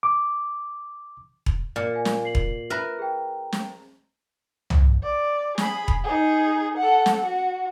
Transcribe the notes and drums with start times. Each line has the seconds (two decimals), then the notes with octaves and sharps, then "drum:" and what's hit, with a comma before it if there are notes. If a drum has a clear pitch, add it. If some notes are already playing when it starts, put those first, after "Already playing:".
0.03 D6
1.46 drum: kick E1
1.76 A#2
1.94 F5 G#5
2.05 drum: snare
2.25 C7 F#7
2.35 drum: kick E1
2.70 A#4 B4 E5
2.99 G#4 G5
3.52 drum: snare
4.70 drum: tom C2
5.03 D5
5.58 G#4 B5, drum: snare
5.88 drum: kick E1
6.04 D#4 G#4
6.77 A4 F#5
7.06 drum: snare
7.25 F#4